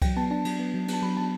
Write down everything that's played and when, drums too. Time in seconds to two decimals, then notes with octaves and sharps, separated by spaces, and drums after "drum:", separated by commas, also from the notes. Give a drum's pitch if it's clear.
0.02 F#3 G5, drum: kick C2, cymbal
0.17 B3 A5
0.30 D4 A5
0.45 F#3, drum: cymbal
0.59 B3
0.74 F#3
0.88 B3, drum: cymbal
0.93 A5
1.02 F#3 B5
1.17 F#3 A5